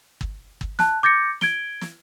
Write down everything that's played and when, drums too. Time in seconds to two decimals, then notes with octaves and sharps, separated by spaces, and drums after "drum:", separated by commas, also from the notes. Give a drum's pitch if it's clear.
0.21 drum: kick G1
0.61 drum: kick G1
0.79 A5 F#6, drum: snare
1.03 D6 G6 A6 A#6 C#7
1.41 G#6 D7 G7, drum: snare
1.81 drum: snare